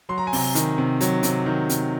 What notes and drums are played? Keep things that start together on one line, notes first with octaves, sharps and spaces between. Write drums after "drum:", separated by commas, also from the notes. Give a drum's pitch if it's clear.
F#3 C6
A#5
G#5
C3 A#5, drum: open hi-hat
D#3, drum: hi-hat
C3
F#3, drum: hi-hat
C3, drum: hi-hat
D#3
C3, drum: hi-hat